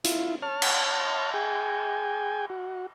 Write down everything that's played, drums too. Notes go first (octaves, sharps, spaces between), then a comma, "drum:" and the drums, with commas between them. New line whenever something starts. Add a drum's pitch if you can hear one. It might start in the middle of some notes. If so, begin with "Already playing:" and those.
E4 F4, drum: hi-hat
C#5 A5 F6
drum: cymbal
G#4 G5 G#5
F#4